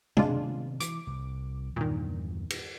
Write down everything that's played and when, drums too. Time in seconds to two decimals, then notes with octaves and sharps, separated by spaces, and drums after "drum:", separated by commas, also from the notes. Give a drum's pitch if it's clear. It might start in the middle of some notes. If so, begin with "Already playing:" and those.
0.17 C3 D#3 G#3 B3 D4 F4, drum: tom
0.80 E3 D6, drum: hi-hat
1.07 C2
1.76 E2 G2 A#2 D3 D#3
2.50 drum: cymbal